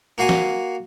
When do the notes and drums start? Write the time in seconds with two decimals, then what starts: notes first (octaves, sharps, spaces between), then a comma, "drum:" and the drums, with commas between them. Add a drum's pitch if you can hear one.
0.18 A#3 F#4 F5 F#5 G#5
0.29 drum: snare